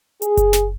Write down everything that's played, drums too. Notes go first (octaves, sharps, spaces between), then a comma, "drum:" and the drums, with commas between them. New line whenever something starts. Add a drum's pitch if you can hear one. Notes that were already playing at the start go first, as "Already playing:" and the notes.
G#4, drum: hi-hat
drum: kick F#1, hi-hat
drum: snare